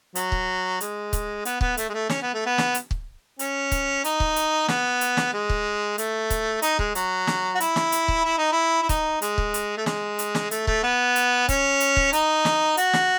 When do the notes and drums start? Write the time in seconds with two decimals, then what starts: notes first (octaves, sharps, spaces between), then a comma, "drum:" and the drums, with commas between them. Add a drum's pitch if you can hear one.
0.15 F#3, drum: hi-hat
0.32 drum: kick
0.81 G#3, drum: hi-hat
1.13 drum: kick, hi-hat
1.45 B3, drum: hi-hat
1.61 B3, drum: kick
1.77 A3, drum: hi-hat
1.89 G#3
1.94 A3
2.10 C#4, drum: snare
2.22 B3
2.34 A3
2.46 B3
2.58 drum: snare
2.74 drum: hi-hat
2.91 drum: kick
3.39 C#4, drum: hi-hat
3.72 drum: kick, hi-hat
4.04 D#4, drum: hi-hat
4.20 drum: kick
4.36 drum: hi-hat
4.69 B3, drum: snare
5.01 drum: hi-hat
5.17 drum: snare
5.33 G#3
5.49 drum: kick
5.98 A3, drum: hi-hat
6.30 drum: kick, hi-hat
6.62 D#4, drum: hi-hat
6.79 G#3, drum: kick
6.95 F#3, drum: hi-hat
7.27 drum: snare
7.55 F#4
7.60 E4, drum: hi-hat
7.76 drum: snare
7.92 drum: hi-hat
8.08 drum: kick
8.25 E4
8.38 D#4
8.52 E4
8.82 E4
8.89 D#4, drum: kick, hi-hat
9.22 G#3, drum: hi-hat
9.38 drum: kick
9.54 drum: hi-hat
9.78 A3
9.86 G#3, drum: snare
10.19 drum: hi-hat
10.35 drum: snare
10.51 A3, drum: hi-hat
10.67 A3, drum: kick
10.83 B3
11.16 drum: hi-hat
11.49 C#4, drum: kick, hi-hat
11.80 drum: hi-hat
11.97 drum: kick
12.13 D#4, drum: hi-hat
12.45 drum: snare
12.77 F#4, drum: hi-hat
12.94 drum: snare